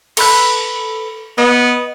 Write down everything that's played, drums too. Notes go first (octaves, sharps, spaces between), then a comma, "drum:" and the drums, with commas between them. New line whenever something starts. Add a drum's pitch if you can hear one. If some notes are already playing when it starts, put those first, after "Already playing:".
A4 B4 F#6, drum: cymbal
B3 D#5